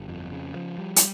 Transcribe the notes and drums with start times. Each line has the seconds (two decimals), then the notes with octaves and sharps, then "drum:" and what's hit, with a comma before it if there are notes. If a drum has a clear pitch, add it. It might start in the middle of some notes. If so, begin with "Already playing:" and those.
Already playing: G1
0.08 F2
0.32 C#3
0.56 F3
0.78 G3
0.96 drum: hi-hat